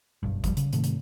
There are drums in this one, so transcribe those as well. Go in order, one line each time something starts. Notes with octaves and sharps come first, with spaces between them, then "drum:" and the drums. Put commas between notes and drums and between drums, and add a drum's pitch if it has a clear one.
F#1 B1 G2
F2 A#2 G3, drum: kick G1, hi-hat
C#3, drum: hi-hat
G#2 C3 D#3 A3, drum: hi-hat
drum: hi-hat